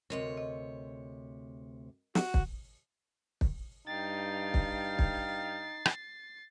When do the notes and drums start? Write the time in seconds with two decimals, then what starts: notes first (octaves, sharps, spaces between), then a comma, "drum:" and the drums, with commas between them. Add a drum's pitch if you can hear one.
0.10 D2 C3 A#4 C#5 D#5
0.37 D#5
2.15 F#4, drum: snare
2.34 drum: kick
3.41 drum: kick
3.87 G2 D#4 F5 G5 A6 C7
4.54 drum: kick
4.99 drum: kick
5.85 drum: rim click